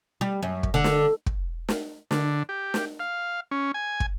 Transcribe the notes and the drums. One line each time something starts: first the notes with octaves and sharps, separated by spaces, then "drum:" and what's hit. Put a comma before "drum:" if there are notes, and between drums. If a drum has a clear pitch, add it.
G3
F#2
drum: kick
D3
drum: snare
drum: kick
drum: snare
D3, drum: snare
G4
drum: snare
F5
C#4
G#5
drum: kick